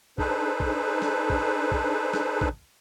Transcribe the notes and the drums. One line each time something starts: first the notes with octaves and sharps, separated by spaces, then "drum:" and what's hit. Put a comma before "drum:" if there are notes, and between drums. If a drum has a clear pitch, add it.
D4 D#4 G#4 A4 B4 C5, drum: kick
drum: kick
drum: snare
drum: kick
drum: kick
drum: snare
drum: kick